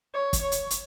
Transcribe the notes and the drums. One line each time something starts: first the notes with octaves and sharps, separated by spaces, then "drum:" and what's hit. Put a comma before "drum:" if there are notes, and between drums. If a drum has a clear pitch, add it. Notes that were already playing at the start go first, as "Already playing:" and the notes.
C#5
drum: kick, hi-hat
C#5
drum: hi-hat
drum: hi-hat